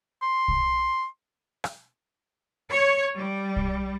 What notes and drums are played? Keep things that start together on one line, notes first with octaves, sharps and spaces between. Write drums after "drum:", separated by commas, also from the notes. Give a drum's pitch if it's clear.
C6
drum: kick
drum: rim click
C#5
G3
drum: kick